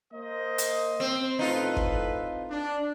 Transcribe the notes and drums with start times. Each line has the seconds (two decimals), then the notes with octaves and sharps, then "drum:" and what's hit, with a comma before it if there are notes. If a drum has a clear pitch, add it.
0.13 A#3 C5 D#5
0.58 drum: hi-hat
1.00 C4
1.39 A2 D#4 F4 A4 B4
1.77 drum: kick
2.49 D4